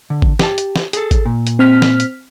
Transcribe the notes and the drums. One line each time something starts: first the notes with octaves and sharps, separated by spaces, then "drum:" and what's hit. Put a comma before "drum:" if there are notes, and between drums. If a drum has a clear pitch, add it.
D3
drum: kick G#1
G4 A5, drum: snare
drum: hi-hat
drum: snare
G#4 A4, drum: hi-hat
drum: kick G#1, hi-hat
A#2
drum: hi-hat
C4 F6 B6
drum: snare
drum: hi-hat